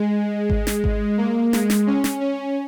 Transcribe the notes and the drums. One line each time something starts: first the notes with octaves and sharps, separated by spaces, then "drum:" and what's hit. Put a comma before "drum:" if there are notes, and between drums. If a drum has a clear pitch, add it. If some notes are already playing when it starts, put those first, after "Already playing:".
Already playing: G#3
drum: kick G#1
drum: snare
drum: kick G#1
A#3
G#3, drum: snare
drum: snare
C#4
drum: snare
C#4